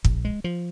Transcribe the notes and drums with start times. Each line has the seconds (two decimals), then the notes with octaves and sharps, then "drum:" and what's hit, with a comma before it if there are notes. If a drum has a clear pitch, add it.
0.05 A#1, drum: kick
0.25 G#3
0.44 F3